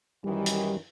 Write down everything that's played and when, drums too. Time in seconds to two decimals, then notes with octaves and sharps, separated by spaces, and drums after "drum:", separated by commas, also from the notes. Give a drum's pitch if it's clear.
0.24 F#2 D#3 E3 G3
0.46 drum: hi-hat